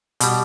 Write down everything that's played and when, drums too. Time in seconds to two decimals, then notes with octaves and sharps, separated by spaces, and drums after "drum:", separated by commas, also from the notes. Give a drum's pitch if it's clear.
0.20 B2 G3, drum: hi-hat